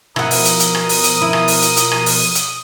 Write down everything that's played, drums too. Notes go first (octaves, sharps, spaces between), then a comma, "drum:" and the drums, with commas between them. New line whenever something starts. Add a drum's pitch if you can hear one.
B2 F3 E4 A#4 F#5 D#6, drum: rim click
drum: open hi-hat
drum: hi-hat
drum: hi-hat
drum: rim click
drum: open hi-hat
drum: hi-hat
E4
drum: rim click
drum: open hi-hat
drum: hi-hat
drum: hi-hat
drum: rim click
drum: open hi-hat
drum: hi-hat